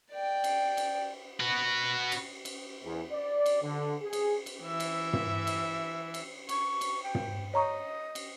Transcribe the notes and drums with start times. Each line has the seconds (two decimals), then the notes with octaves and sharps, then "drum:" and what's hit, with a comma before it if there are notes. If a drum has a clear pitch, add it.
0.12 D5 G5
0.44 drum: cymbal
0.77 drum: cymbal
1.40 F#4 B4
2.12 drum: cymbal
2.45 drum: cymbal
2.83 E2
3.12 D5
3.46 drum: cymbal
3.63 D3
4.02 G#4
4.13 drum: cymbal
4.46 drum: cymbal
4.63 E3 E5
4.80 drum: cymbal
5.13 drum: tom
5.47 drum: cymbal
6.14 drum: cymbal
6.49 C#6, drum: cymbal
6.81 drum: cymbal
7.03 G5
7.15 drum: tom
7.54 C#5 D#5 A#5 C#6
8.15 drum: cymbal